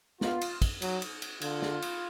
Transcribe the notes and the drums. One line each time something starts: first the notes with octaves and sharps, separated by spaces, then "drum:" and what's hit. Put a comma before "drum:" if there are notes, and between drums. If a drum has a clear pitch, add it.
B3 F4, drum: snare
drum: cymbal
drum: kick, cymbal
F#3, drum: cymbal
drum: cymbal
drum: cymbal
D3 F4, drum: cymbal
drum: snare
drum: cymbal